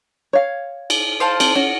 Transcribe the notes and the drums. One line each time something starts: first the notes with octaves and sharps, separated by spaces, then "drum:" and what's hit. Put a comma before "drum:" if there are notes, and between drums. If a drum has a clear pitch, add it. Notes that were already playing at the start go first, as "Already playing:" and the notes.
C#5 F5
drum: cymbal
C5 F5 A5
C4, drum: cymbal
C#4 F#4